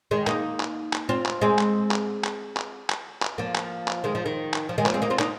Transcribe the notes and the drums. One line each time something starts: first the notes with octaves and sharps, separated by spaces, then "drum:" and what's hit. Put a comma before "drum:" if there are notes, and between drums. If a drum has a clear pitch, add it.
D#3 G#3
A#3 D#4, drum: clap
drum: clap
drum: clap
C4 F4
drum: clap
G#3 C4
drum: clap
drum: clap
drum: clap
drum: clap
drum: clap
drum: clap
F3 A#3
drum: clap
drum: clap
D#3 G#3
F3
D#3
drum: clap
F3
D#3 G#3
F3 A#3, drum: clap
G#3 C4
A#3 D#4
C4 F4
A#3 D#4, drum: clap